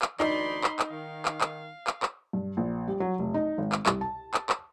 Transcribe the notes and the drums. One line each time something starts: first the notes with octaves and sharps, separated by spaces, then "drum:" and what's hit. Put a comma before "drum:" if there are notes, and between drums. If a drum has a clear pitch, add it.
drum: clap
D2 E3 D#4 D5 B5 C6, drum: clap
drum: clap
drum: clap
D#3 F5
drum: clap
drum: clap
drum: clap
drum: clap
G2
A#1
G3
F#3
F1
D#4
G#1
drum: clap
C2, drum: clap
A5
drum: clap
drum: clap